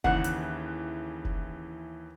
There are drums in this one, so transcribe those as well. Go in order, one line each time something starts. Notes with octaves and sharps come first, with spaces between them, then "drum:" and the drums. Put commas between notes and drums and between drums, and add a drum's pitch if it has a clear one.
D#2 C#3 E3 F#5 F#6, drum: kick F1
drum: hi-hat
drum: kick F1